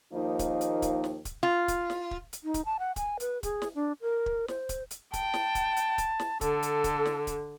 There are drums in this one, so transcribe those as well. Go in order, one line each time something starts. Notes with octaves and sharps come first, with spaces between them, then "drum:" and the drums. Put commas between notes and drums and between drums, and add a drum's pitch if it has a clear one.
D#2 F3 A#3 D#4
drum: kick, hi-hat
drum: hi-hat
drum: kick, hi-hat
drum: snare
drum: kick, hi-hat
F4
drum: kick, hi-hat
drum: snare
drum: kick
drum: hi-hat
D#4
drum: kick, hi-hat
A5
F#5
G#5, drum: kick, hi-hat
B4, drum: hi-hat
G#4, drum: kick, hi-hat
drum: snare
D4
A#4
drum: kick
C5, drum: snare
drum: kick, hi-hat
drum: hi-hat
G5 A5, drum: kick, hi-hat
drum: snare
drum: kick, hi-hat
drum: hi-hat
drum: kick, hi-hat
drum: snare
D3 A4, drum: kick, hi-hat
drum: hi-hat
drum: kick, hi-hat
drum: snare
drum: kick, hi-hat